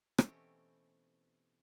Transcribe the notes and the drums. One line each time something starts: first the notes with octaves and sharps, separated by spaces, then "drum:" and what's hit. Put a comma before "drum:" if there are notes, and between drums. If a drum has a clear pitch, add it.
B2 E3 A3 C4 C#4 G4, drum: rim click